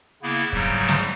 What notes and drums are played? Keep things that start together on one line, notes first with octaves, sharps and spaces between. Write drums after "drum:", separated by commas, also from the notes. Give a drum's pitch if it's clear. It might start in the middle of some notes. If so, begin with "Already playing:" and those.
C#3 A#3 B3 E4
G#2 C#3 F#3 G3, drum: kick
drum: snare